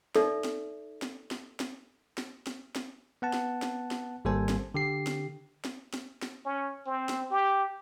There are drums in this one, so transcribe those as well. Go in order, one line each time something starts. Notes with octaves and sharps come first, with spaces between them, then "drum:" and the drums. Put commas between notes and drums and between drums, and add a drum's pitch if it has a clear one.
D#4 A4 D5 E5, drum: snare
drum: snare
drum: snare
drum: snare
drum: snare
drum: snare
drum: snare
drum: snare
B3 F#5 A5
drum: snare
drum: snare
drum: snare
G#1 G3 A#3 A4 C5 G#5
drum: snare
D3 G4 C7
drum: snare
drum: snare
drum: snare
drum: snare
C#4
C4
drum: snare
G4